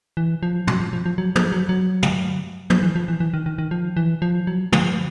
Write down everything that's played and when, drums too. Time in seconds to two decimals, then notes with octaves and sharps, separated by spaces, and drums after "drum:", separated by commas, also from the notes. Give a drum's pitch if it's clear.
0.17 E3
0.43 F3
0.67 F#3, drum: tom
0.80 F3
0.93 F3
1.06 F3
1.18 F#3
1.35 F3, drum: tom
1.52 F#3
1.69 F#3
2.03 drum: tom
2.70 F3, drum: tom
2.83 E3
2.96 F3
3.08 E3
3.20 E3
3.34 D#3
3.46 D#3
3.58 D#3
3.71 F3
3.97 E3
4.22 F3
4.47 F#3
4.72 F3, drum: tom